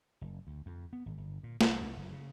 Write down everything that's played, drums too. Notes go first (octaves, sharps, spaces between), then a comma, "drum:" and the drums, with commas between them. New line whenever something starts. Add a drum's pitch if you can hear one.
F#1
D2
F2
B3
G#1
G1
A#2
C2, drum: snare
C2
F#1
C#3